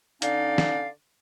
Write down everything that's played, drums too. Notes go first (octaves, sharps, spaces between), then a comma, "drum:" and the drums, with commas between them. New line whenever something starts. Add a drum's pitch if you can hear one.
D3 C#4 D#4 D5 F5, drum: hi-hat
drum: snare